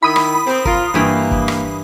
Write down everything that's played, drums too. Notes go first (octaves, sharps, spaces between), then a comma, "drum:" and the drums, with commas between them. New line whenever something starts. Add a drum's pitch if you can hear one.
D#3 E4 B5 D#6
drum: rim click
C4
F4 A#4, drum: kick
G2 E3 A#3 G5
drum: kick
drum: rim click